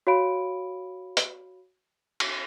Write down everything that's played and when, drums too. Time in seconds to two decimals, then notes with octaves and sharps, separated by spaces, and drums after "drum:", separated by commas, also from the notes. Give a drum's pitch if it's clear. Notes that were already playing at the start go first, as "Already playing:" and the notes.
0.07 F#4 C#5 F5 B5 D7
1.17 drum: hi-hat
2.20 drum: cymbal